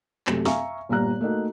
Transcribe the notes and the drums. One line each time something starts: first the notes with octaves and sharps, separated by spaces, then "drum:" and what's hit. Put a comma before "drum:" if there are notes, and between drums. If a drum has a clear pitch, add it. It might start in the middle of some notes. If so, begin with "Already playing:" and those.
F#2 C3 A3, drum: clap
E5 F5 G#5 A#5 C#6, drum: snare
G1 A#2 G3 A#5 F#6
A3 A#3 D#4 F#4